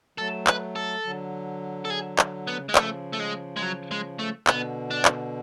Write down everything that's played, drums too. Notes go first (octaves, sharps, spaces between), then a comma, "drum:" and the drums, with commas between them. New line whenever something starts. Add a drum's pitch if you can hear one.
F#3 A3 A4
B4, drum: clap
A4
D3 F#3
A4
G#4
drum: clap
B3
C#3
D3 G#3
C#3 F3 A3, drum: clap
A3
G#3
G#3
F#3
G#3
A3
B2 D3 B3, drum: clap
D4
drum: clap